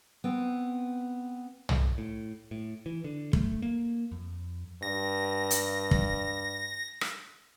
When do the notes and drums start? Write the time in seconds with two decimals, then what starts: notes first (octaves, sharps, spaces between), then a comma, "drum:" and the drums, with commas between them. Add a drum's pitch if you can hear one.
0.24 B3 C4 G5
1.69 drum: tom
1.98 A2
2.51 A2
2.86 E3
3.04 D3
3.33 A3, drum: kick
3.62 A#3
4.12 F2
4.83 G2 A#6
5.51 drum: hi-hat
5.91 drum: kick
7.01 drum: rim click